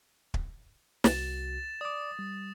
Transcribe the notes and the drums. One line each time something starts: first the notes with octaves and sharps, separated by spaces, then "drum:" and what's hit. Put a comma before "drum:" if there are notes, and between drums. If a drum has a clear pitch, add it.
drum: kick
C2 F#4 A6 E7, drum: snare
D5 D6 D#6
G3